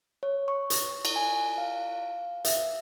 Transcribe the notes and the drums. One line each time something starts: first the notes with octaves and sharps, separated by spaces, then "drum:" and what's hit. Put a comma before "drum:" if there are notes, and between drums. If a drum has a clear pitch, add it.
C#5
C#6
drum: hi-hat
drum: cymbal
G#5
F5
E5, drum: hi-hat